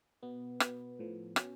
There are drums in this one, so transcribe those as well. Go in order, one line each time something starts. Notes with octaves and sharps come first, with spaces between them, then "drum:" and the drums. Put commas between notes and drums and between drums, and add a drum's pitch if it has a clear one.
B2 B3
B2 B3, drum: rim click
A2 F3
B2 C#4, drum: rim click